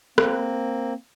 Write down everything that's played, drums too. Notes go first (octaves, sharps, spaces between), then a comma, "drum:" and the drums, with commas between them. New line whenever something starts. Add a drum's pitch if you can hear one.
A#3 C4, drum: rim click